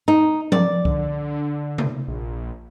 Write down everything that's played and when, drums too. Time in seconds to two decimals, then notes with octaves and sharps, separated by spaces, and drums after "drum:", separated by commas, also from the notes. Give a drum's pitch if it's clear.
0.08 D#4
0.52 D5, drum: tom F3
0.85 D3, drum: kick C2
1.78 drum: tom C3
2.08 A#1